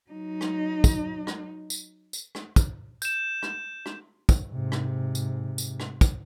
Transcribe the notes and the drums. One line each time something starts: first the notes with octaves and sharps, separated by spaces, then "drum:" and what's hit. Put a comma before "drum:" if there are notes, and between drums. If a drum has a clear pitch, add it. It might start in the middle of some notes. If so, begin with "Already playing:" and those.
F#3 D#4
drum: rim click
drum: kick, tambourine
drum: rim click
drum: tambourine
drum: tambourine
drum: rim click
drum: kick, tambourine
G6 E7, drum: tambourine
drum: rim click
drum: rim click
drum: kick, tambourine
G#2 C3
drum: rim click
drum: tambourine
drum: tambourine
drum: rim click
drum: kick, tambourine